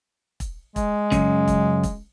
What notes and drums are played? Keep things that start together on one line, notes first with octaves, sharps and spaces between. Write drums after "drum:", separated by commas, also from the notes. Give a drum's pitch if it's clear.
drum: kick E1, hi-hat
G#3, drum: kick E1, hi-hat
F#2 C#3, drum: kick E1, hi-hat
drum: kick E1, hi-hat
drum: kick E1, hi-hat